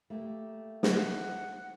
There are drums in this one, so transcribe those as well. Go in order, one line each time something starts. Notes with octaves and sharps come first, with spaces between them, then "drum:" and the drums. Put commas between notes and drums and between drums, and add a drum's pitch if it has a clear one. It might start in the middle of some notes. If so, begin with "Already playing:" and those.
A3 A#3 G4
F#5, drum: snare